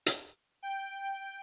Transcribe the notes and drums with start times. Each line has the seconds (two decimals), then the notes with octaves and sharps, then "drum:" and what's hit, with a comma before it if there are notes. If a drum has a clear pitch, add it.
0.06 drum: hi-hat
0.63 G5